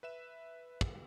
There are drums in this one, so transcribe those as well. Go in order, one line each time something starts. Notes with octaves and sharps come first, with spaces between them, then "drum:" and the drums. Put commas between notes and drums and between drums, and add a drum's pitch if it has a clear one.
B4 E5 E7
drum: kick